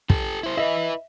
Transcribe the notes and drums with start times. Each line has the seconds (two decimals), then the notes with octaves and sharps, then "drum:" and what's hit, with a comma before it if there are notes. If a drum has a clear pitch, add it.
0.10 G4 A4, drum: kick
0.43 E4 C5
0.57 E4 B4 D#5 E5